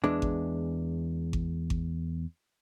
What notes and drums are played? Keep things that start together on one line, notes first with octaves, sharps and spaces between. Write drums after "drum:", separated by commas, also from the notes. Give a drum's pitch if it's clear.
E2 G#3 D4
drum: kick G#1
drum: kick G#1
drum: kick G#1